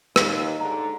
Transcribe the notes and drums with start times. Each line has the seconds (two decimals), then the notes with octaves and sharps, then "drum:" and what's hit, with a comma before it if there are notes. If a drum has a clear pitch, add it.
0.16 D#2, drum: rim click
0.60 G#2 D3 A#5